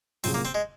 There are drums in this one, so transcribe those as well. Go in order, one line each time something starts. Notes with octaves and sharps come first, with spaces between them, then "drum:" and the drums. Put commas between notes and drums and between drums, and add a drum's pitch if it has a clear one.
C2 A#2 F#3 C4 C#4 G#4, drum: open hi-hat
A#3
C4
G#3